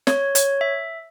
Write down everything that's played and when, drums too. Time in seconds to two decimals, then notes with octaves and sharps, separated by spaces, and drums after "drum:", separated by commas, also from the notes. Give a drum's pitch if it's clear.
0.07 C#5, drum: snare
0.35 C#5, drum: hi-hat
0.61 E5